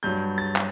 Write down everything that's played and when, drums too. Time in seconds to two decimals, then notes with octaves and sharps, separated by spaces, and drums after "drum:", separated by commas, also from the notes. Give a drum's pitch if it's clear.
0.03 G2 F#3 G6
0.38 A6
0.56 drum: clap